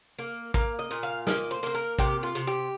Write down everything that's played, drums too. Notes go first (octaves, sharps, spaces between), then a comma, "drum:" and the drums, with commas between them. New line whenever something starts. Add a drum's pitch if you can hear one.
A#3
A#3 F5, drum: kick, hi-hat
D#5
A#2, drum: hi-hat
F5
A#3 D#5, drum: snare
C5
A#3 C5, drum: hi-hat
A#4
C3 G4, drum: kick, hi-hat
F4
C3, drum: hi-hat
G4